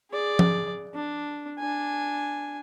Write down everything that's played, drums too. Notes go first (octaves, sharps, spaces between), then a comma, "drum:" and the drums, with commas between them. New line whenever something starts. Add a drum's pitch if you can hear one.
G#4 D5
drum: tom F3
D4
D4 G#5